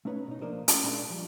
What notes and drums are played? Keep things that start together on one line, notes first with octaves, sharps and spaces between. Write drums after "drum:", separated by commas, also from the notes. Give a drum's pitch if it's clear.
A3 C#4 D#4 B4 C#5 F5
B2 D#4
F3 A#3 D4 A#4 C5 D#5
C#4, drum: hi-hat
A#2 G#3 D4 D#4 A#4 E5
F3 G3